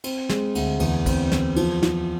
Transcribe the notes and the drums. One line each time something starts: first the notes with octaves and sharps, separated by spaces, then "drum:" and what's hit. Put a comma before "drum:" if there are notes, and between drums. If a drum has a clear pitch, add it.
C4, drum: cymbal
G#3, drum: snare
D2, drum: cymbal
E2, drum: cymbal
C4, drum: kick, cymbal
E2, drum: snare
F3, drum: cymbal
F3, drum: snare